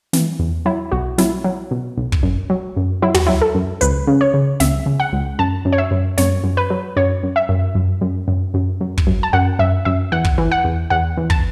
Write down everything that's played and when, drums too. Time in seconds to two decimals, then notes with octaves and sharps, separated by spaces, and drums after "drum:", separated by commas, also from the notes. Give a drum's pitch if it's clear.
0.13 E3, drum: snare
0.39 E2
0.66 F#3 E4
0.92 B1 F#4
1.18 F#3 E4, drum: snare
1.44 F#3
1.71 B2
1.98 B1
2.12 drum: kick
2.23 F#2
2.50 F#3
2.77 F#2
3.02 F#3 E4
3.14 F#4, drum: tom
3.27 F#3 E4
3.42 A4
3.55 F#2
3.81 C#2 B4, drum: hi-hat
4.07 C#3
4.21 C#5
4.34 C#3
4.60 C#2 E5, drum: snare
4.86 C#3
5.00 F#5
5.13 C#2
5.39 F#2 A5
5.65 F#2
5.73 C#5
5.78 E5
5.91 F#2
6.18 F#2 C#5, drum: snare
6.44 F#2
6.57 B4
6.70 F#3
6.97 F#2 C#5
7.23 F#2
7.36 E5
7.49 F#2
7.75 F#2
8.01 F#2
8.28 F#2
8.54 F#2
8.81 F#2
8.98 drum: kick
9.07 F#2
9.23 A5
9.33 F#2 F#5
9.59 F#2 E5
9.85 F#2 E5
10.12 E2 F#5
10.25 drum: kick
10.38 E3
10.52 F#5
10.64 E2
10.90 E2 F#5
11.17 E2
11.30 A5, drum: kick